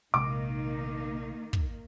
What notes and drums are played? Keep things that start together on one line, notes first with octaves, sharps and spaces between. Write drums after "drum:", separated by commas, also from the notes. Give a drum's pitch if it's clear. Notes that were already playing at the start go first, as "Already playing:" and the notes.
A#1 C3 D#3 G#3 A#3 D#4 D6
drum: kick